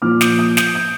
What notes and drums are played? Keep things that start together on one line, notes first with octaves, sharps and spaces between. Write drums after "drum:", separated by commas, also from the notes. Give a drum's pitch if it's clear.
A#2 F3 D6 F6
D#6 G6, drum: snare
D#6 G6
D#6 G6, drum: snare
D#6 G6